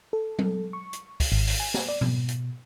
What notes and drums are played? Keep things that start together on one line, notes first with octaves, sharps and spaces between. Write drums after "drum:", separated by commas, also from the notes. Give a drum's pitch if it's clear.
A4
drum: tom F#3
C#6
drum: hi-hat
drum: kick, open hi-hat
G#1
drum: open hi-hat
G#5
drum: snare
D5
B2, drum: tom
drum: hi-hat